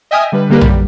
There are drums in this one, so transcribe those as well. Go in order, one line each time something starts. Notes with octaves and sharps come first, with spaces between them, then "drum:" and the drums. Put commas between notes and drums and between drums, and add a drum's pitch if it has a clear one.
D#5 E5 G5 G#5 D#6 F6
D3 G3 B4
D3 G3 A#3 G4 A#4 B4
F#2 G3, drum: tom A#1